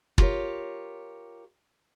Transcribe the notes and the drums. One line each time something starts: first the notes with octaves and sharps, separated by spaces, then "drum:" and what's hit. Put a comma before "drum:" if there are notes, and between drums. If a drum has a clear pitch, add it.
F4 G4 A#4 C#5, drum: kick